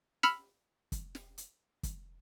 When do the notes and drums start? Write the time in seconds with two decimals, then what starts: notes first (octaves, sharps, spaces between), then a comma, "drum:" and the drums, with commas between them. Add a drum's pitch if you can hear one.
0.23 B5 E6 F6 C#7, drum: snare
0.92 drum: kick, hi-hat
1.15 drum: snare
1.38 drum: hi-hat
1.83 drum: kick, hi-hat